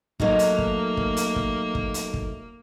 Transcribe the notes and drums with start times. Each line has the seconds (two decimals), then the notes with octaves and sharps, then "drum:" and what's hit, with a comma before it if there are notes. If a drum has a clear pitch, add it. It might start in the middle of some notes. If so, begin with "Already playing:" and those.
0.20 F#3 A3 A#3 D#4 F#4 D#5 F5, drum: kick
0.39 drum: hi-hat
0.58 drum: kick
0.97 drum: kick
1.17 drum: hi-hat
1.36 drum: kick
1.75 drum: kick
1.94 drum: hi-hat
2.14 drum: kick